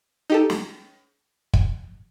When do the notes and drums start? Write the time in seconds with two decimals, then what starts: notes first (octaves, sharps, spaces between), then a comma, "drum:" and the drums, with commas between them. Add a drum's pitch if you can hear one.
0.30 D#4 G4 A4
0.50 drum: snare
1.53 drum: kick